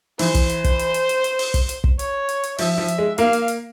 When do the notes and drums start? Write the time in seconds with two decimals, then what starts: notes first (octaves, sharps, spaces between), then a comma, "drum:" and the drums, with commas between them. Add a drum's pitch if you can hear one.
0.19 E3 C5, drum: open hi-hat
0.35 drum: kick, hi-hat
0.49 drum: hi-hat
0.64 drum: kick, hi-hat
0.79 drum: hi-hat
0.94 drum: hi-hat
1.09 drum: hi-hat
1.24 drum: hi-hat
1.39 drum: open hi-hat
1.54 drum: kick, hi-hat
1.69 drum: hi-hat
1.84 drum: kick
1.99 C#5, drum: hi-hat
2.29 drum: hi-hat
2.43 drum: hi-hat
2.58 F3 E5, drum: open hi-hat
2.78 F3
2.88 drum: hi-hat
2.98 G#3
3.18 A#3 F5, drum: hi-hat
3.33 drum: hi-hat
3.48 drum: hi-hat